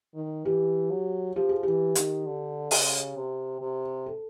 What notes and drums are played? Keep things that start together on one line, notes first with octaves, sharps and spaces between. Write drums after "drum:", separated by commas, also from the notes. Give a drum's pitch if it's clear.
D#3
E3 G4
F#3
F3 G4
G#4
E3 G4
D#3, drum: hi-hat
D3
C#3, drum: open hi-hat
C3
C3
A4